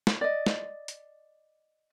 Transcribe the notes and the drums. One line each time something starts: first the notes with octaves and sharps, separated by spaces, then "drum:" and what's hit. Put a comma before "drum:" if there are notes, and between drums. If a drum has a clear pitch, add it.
drum: snare
D5 D#5
drum: snare
drum: hi-hat